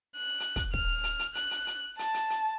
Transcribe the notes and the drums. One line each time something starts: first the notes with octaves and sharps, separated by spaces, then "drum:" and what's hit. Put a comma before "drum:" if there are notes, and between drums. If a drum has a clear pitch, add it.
F#6
drum: hi-hat
drum: kick, hi-hat
F6, drum: kick
drum: hi-hat
drum: hi-hat
F#6, drum: hi-hat
drum: hi-hat
drum: hi-hat
A5, drum: hi-hat
drum: hi-hat
drum: hi-hat